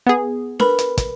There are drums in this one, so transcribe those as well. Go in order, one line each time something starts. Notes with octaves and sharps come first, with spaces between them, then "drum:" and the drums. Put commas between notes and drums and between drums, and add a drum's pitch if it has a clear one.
B3 G#4
A#4 B4 B5, drum: snare D4
drum: hi-hat
drum: kick, hi-hat